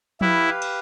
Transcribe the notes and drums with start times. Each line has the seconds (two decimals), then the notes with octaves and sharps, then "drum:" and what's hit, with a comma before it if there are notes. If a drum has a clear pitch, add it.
0.21 E4 G4 B4 F5, drum: tom F3
0.62 drum: cymbal